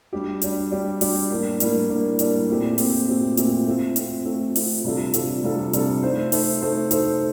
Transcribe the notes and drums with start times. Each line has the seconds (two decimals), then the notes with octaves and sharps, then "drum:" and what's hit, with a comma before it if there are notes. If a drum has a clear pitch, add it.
0.13 G3 D4 G4
0.42 G3 D4 G4, drum: hi-hat
0.72 G3 D4 G4
1.01 G3 D4 G4, drum: open hi-hat
1.30 A2 G3 A#3 D4
1.60 A2 G3 A#3 D4, drum: hi-hat
1.90 A2 G3 A#3 D4
2.19 A2 G3 A#3 D4, drum: hi-hat
2.49 A#2 A3 C4 G4
2.78 A#2 A3 C4 G4, drum: open hi-hat
3.08 A#2 A3 C4 G4
3.37 A#2 A3 C4 G4, drum: hi-hat
3.66 A3 C4 F4
3.96 A3 C4 F4, drum: hi-hat
4.25 A3 C4 F4
4.56 A3 C4 F4, drum: open hi-hat
4.85 C3 G3 D4 F4 A4
5.14 C3 G3 D4 F4 A4, drum: hi-hat
5.43 C3 G3 D4 F4 A4
5.73 C3 G3 D4 F4 A4, drum: hi-hat
6.03 A3 D#4 A4 C5
6.32 A3 D#4 A4 C5, drum: open hi-hat
6.61 A3 D#4 A4 C5
6.91 A3 D#4 A4 C5, drum: hi-hat